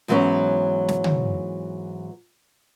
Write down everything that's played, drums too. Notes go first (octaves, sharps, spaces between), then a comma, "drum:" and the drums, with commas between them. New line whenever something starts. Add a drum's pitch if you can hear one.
G#2 E3 F#3 B3 C#4
drum: snare
drum: tom